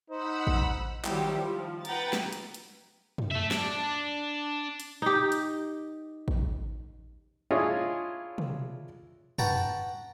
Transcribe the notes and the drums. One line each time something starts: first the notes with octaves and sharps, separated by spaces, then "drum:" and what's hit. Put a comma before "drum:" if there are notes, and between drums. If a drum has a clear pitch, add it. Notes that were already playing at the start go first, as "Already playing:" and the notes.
D#4 C5 F#5 B5 E6
drum: kick A1
D#3 F#3 G3 E4 G4 C5, drum: clap
F3
B4 F#5 G5 A#5 A6, drum: hi-hat
drum: snare
drum: hi-hat
drum: hi-hat
drum: tom
A3 E5
D4, drum: snare
drum: hi-hat
D#4 G4
drum: hi-hat
drum: kick A1
D4 E4 F4 G#4 C#5 D#5
drum: tom
B4 F#5 G5 A5 A#5 C#6, drum: tom